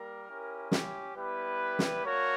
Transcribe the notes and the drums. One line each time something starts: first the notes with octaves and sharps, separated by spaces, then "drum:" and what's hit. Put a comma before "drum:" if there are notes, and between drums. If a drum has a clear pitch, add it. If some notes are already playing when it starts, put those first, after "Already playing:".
Already playing: G3 A#3 A#4
C#4 E4 G4
G4, drum: snare
G3 B3 E4 G4 B4
drum: snare
A#3 D4 F#4 A#4 C#5